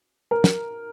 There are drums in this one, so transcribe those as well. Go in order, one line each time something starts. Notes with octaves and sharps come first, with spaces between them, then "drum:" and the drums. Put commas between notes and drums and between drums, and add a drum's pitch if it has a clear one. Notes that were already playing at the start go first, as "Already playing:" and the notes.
A#4
drum: snare